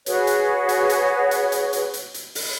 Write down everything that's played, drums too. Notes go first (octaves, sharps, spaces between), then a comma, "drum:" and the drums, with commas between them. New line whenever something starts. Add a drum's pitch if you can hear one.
F#4 G#4 B4 C#5, drum: hi-hat
drum: hi-hat
drum: hi-hat
drum: hi-hat
drum: hi-hat
drum: hi-hat
drum: hi-hat
drum: hi-hat
drum: hi-hat
drum: open hi-hat